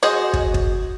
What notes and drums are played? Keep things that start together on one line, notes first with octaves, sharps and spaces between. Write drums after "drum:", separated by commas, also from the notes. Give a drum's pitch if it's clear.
F#4 G#4 C5 D#5
drum: kick
drum: kick